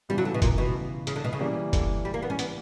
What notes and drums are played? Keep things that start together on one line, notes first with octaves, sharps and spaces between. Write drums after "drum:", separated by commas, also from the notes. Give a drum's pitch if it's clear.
C#3 E3 G3 B3
F#3
D3
B2
A#2, drum: kick, hi-hat
B2
C#3, drum: hi-hat
D3
B2
C#3
E3 G3 A#3
D3, drum: kick, hi-hat
G3
A#3
B3
C#4
B3, drum: hi-hat